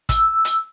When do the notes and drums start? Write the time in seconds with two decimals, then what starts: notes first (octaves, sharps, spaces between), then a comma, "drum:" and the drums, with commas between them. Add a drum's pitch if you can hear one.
0.09 E6, drum: kick, hi-hat
0.45 drum: hi-hat